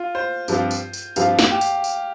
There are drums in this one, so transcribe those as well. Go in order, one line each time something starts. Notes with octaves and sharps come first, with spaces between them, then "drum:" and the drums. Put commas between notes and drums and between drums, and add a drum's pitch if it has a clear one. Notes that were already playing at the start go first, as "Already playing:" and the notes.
Already playing: F4
C5
G2 F3 C4 F4, drum: tambourine
drum: tambourine
drum: tambourine
G2 F3 C4 F4 F5, drum: tambourine
drum: snare
G4
drum: tambourine
drum: tambourine